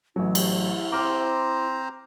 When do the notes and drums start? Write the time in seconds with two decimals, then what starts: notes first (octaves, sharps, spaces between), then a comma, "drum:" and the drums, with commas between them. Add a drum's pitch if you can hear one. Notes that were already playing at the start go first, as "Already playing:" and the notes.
0.16 A1 F#3 E4
0.35 drum: cymbal
0.92 C4 C5 A#5 D6 F6